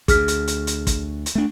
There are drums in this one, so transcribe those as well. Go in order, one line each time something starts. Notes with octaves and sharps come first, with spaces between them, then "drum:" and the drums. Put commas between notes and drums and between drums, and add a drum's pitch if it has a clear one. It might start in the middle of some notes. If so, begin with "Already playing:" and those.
D2 G#4 F6 B6, drum: kick, hi-hat
drum: hi-hat
drum: hi-hat
drum: hi-hat
drum: kick, hi-hat
drum: hi-hat
A3 D4